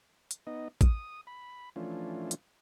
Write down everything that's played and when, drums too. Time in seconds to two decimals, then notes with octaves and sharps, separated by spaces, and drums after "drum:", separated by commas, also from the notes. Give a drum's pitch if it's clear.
0.31 drum: hi-hat
0.47 B3 D#4 D#5
0.81 D#6, drum: kick A1, hi-hat
1.27 B5
1.76 E3 F3 A3 C#4 D4 F4
2.31 drum: hi-hat